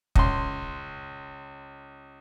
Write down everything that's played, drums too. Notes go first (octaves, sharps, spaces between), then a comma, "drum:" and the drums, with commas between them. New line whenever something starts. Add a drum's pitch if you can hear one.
C#2 C6, drum: kick